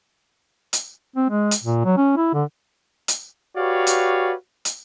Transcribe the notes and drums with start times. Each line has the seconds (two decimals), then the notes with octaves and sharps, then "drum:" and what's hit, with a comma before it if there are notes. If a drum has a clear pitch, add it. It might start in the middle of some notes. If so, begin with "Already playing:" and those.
0.73 drum: hi-hat
1.16 C4
1.30 G#3
1.51 drum: hi-hat
1.64 A#2
1.85 F#3
1.97 C#4
2.17 E4
2.34 D3
3.08 drum: hi-hat
3.57 F#4 G4 B4 C#5 D5 F5
3.87 drum: hi-hat
4.65 drum: hi-hat